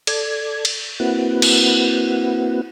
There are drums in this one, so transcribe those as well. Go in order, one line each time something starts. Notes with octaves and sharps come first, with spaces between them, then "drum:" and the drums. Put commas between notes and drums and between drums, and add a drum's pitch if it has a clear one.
A4 D5 G#6, drum: cymbal
drum: cymbal
A#3 C4 E4 F#4 B4 F#5
drum: cymbal